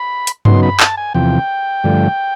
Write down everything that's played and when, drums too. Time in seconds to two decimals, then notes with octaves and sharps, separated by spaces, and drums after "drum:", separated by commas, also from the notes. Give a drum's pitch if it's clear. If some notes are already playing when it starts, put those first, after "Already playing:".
Already playing: B5
0.27 drum: hi-hat
0.45 C#3 F#3 B3 D#4 C6, drum: tom G2
0.63 B5
0.80 A5, drum: clap
0.97 G#5
1.14 E2 C3 F3 G5
1.84 G2 D3 F3 A3